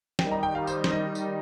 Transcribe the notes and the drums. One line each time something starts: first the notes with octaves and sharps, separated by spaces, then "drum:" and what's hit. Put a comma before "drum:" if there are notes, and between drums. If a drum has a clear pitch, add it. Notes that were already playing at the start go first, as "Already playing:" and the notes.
D#3 G3 D#4 G5, drum: snare
A#5
G5
F5
C5, drum: tambourine
C5, drum: snare
D#5
drum: tambourine